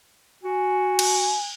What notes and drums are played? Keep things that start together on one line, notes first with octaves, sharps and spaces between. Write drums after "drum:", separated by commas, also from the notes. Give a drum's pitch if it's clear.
F#4 G#5
drum: cymbal